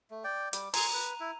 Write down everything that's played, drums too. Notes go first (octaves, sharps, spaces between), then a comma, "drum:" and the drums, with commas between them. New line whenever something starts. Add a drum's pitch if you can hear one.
A3
D5 G5
G3 D6, drum: hi-hat
G#5 A#5 C6 D#7 F7, drum: open hi-hat
B4
E4